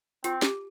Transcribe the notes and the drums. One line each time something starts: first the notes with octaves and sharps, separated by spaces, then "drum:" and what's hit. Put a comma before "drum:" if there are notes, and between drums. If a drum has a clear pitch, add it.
C4 F4, drum: hi-hat
G4, drum: snare